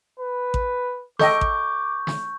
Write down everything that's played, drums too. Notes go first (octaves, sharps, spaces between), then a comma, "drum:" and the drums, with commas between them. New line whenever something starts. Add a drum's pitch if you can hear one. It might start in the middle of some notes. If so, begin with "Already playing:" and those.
B4
drum: kick A1
A4 D#5 G5 C#6 D6 G6, drum: snare
drum: kick A1
drum: snare